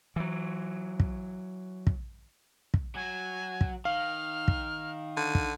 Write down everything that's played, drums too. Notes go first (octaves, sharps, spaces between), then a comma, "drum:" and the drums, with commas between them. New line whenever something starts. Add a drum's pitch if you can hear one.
E3 F#3
drum: kick
drum: kick
drum: kick
F#3 G#5
drum: kick
D#3 F5 F6
drum: kick
D3 D#7
drum: kick